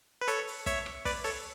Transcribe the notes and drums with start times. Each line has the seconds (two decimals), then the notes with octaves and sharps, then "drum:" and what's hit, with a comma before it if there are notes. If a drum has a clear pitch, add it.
0.21 B4
0.28 A4 C#5, drum: hi-hat
0.47 drum: open hi-hat
0.66 C#5 E5, drum: kick, hi-hat
0.86 drum: rim click
1.05 B4 D5, drum: kick, open hi-hat
1.24 A4 C#5, drum: open hi-hat